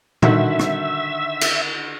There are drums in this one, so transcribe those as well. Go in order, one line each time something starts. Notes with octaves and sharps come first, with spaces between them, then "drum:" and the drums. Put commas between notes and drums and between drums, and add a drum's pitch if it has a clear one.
D3 D#3 F#4 E5, drum: tom A#2
drum: rim click
drum: cymbal